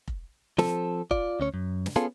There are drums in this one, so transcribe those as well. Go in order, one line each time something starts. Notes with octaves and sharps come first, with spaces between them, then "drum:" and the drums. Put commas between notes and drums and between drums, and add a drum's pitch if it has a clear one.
drum: kick F1
F3 C4 A4, drum: snare
F4 D5, drum: kick F1
D2 C#4 C#5
F#2
drum: snare
B3 C#4 F4 G#4 A4